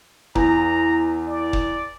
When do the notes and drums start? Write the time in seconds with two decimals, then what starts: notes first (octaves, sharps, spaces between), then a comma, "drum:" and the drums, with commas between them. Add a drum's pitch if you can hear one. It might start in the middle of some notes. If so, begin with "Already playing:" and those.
0.35 E2 A#5, drum: kick
1.28 D5
1.53 drum: kick